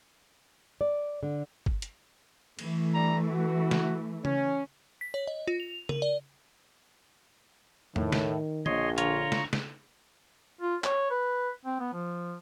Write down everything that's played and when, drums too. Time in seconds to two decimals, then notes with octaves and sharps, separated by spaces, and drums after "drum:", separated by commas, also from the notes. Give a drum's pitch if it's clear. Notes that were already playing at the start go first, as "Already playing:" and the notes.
0.81 D5
1.23 D3
1.66 drum: kick G1
1.82 drum: hi-hat
2.59 E3 A3, drum: cymbal
2.94 G3 D4 A#5
3.31 F#4
3.71 drum: snare
4.25 C#4, drum: tom C#3
5.01 B6
5.14 C#5
5.27 D#5
5.47 F4
5.60 F7
5.89 A#4, drum: tom C#3
6.02 D5
7.96 A2 D#3, drum: tom E2
8.12 drum: snare
8.66 A#1 C#5 D#5 C6, drum: tom D3
8.98 D3 F4 C#5 A#5 C#6, drum: hi-hat
9.32 drum: snare
9.53 drum: snare
10.61 F4
10.84 C#5, drum: clap
11.11 B4
11.65 C4
11.80 B3
11.93 F3